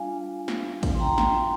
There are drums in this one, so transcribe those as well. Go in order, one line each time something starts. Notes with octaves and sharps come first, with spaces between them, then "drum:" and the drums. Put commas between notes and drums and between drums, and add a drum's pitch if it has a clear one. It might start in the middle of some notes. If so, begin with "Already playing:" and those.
Already playing: G3 D4 F4 F5 G#5
drum: snare
drum: kick, cymbal
C6
G5 A#5
drum: snare